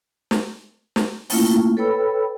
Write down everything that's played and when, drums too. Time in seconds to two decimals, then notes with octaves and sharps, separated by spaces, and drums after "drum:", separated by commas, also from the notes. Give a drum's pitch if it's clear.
0.31 drum: snare
0.96 drum: snare
1.30 A3 A#3 C#4 E4 F4, drum: open hi-hat
1.77 A4 B4 C#5 G5 B5 E6